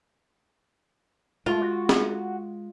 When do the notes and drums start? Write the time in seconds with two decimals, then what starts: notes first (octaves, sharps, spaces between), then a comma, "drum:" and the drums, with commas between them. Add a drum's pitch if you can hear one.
1.46 G#3 A3 F4
1.62 F#4
1.89 drum: snare